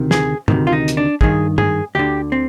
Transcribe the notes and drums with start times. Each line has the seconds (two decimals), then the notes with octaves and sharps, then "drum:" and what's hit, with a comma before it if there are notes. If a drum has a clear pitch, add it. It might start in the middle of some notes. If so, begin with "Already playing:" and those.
Already playing: D2 C3 D#3
0.11 G#4, drum: snare
0.48 D2 C3 D#3, drum: tom
0.67 F4
0.73 D#4
0.88 drum: hi-hat
0.97 D4
1.21 G2 D#3 G#4, drum: kick
1.58 G#4, drum: tom
1.95 D2 D3 G4
2.32 C4